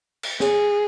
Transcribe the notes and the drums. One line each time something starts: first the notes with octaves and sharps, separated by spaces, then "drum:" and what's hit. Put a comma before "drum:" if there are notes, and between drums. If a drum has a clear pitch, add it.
drum: cymbal
G#4, drum: snare